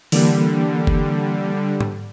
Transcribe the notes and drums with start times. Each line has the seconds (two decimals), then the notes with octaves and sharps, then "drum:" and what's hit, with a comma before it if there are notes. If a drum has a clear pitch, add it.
0.12 D3 E3 G3 A#3, drum: open hi-hat
0.87 drum: kick F#1
1.81 drum: tom